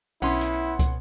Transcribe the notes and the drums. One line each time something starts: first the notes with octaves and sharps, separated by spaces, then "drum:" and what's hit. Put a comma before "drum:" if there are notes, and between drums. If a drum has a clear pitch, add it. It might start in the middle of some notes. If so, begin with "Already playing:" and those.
B1 B3 C#4 E4 F#5 C6
drum: hi-hat
drum: kick, hi-hat